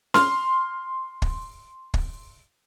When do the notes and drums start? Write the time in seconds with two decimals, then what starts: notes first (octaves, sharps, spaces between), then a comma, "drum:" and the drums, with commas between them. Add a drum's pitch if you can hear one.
0.14 C6 F6, drum: snare C#4
1.22 drum: kick
1.94 drum: kick